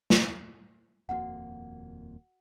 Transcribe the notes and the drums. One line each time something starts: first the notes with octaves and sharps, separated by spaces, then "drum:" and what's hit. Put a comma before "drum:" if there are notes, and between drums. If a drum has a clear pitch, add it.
drum: snare
D#1 F2 A#3 F#4 F#5